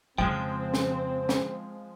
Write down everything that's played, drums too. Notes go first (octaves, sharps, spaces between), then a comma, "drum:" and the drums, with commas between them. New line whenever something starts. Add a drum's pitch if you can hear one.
F2 C#3 F3 G#3 C4 G5
drum: snare C#4
drum: snare C#4